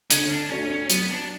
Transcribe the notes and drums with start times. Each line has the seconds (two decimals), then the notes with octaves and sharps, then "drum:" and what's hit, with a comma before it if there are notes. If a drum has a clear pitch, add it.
0.10 D3 C#4, drum: hi-hat
0.31 D4
0.50 A3 C#4 D4 F#4
0.70 C#4
0.90 F#3 B3, drum: hi-hat
1.10 D4